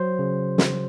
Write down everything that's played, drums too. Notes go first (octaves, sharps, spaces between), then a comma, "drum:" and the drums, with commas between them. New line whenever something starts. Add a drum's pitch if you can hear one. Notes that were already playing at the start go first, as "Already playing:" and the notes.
Already playing: F#3 C5
C#3
drum: snare